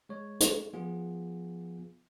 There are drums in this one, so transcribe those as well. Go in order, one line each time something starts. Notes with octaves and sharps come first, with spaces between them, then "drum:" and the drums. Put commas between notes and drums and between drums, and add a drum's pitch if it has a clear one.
G#3 C#5
drum: hi-hat
F3 B3 F4 G#4